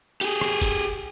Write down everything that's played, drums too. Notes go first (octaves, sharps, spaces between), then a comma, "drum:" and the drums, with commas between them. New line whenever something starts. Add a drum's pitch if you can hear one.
G4 G#4, drum: hi-hat
drum: rim click
drum: kick, hi-hat